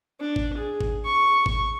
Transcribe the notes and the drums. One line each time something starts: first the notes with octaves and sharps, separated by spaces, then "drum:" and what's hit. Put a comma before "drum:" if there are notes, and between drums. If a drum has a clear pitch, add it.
D4
drum: kick
G#4
drum: kick
C#6
C#6, drum: kick